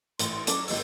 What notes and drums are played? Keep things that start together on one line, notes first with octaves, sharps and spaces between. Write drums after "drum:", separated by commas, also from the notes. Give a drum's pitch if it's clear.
A1 C6, drum: hi-hat
F#3 C#4 A4 D6, drum: hi-hat
G1 G4 C#5 D#5 E6, drum: open hi-hat